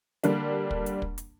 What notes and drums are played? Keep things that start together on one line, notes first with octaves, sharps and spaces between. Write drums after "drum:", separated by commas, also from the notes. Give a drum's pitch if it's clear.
D3 G3 A#3 D4, drum: hi-hat
drum: kick
drum: hi-hat
drum: kick
drum: hi-hat